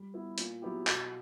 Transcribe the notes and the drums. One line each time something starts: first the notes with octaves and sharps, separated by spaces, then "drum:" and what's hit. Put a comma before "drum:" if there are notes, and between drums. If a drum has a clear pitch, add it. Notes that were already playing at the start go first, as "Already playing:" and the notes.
Already playing: G3
B3 E4
A#2, drum: hi-hat
F#3 B3 E4 G4
B2, drum: clap